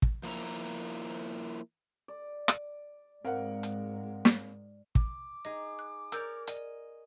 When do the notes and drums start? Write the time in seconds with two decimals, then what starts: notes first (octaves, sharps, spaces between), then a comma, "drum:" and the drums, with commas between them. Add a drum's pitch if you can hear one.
0.02 drum: kick
0.23 F3 A#3 E4 A#5
2.08 D5
2.48 drum: rim click
3.25 G#2 G#3 C4 A#4 F5 F#5
3.63 drum: hi-hat
4.25 drum: snare
4.95 D6, drum: kick
5.45 D#4 G#4 D#5
5.79 F#6
6.12 A#4 C#5 D5 E6 G6, drum: hi-hat
6.48 D5 D#5, drum: hi-hat